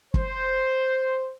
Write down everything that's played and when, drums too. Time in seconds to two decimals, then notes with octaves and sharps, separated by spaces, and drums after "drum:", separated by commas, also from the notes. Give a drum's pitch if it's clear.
0.14 C5, drum: kick